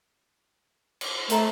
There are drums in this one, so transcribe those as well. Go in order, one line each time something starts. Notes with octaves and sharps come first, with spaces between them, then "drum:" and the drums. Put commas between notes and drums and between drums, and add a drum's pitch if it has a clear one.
drum: cymbal
A3 C5 A#5, drum: hi-hat